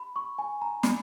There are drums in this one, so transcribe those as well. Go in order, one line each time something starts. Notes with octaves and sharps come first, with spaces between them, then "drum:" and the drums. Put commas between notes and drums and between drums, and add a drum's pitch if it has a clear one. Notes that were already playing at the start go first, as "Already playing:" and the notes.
Already playing: B5
C#6
G#5
A#5
B5, drum: snare